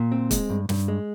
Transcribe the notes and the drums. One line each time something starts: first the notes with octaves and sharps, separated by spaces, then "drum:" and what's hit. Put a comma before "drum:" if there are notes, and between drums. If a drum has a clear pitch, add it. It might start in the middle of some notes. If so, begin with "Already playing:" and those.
Already playing: A#2
C4
G#3, drum: kick, hi-hat
G2
G2, drum: snare
G#3